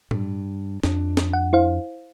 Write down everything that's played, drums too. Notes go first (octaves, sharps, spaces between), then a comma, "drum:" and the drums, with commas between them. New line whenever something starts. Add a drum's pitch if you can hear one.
G2, drum: tom A2
F2 D4, drum: snare
drum: snare
F#5
E4 C5 F5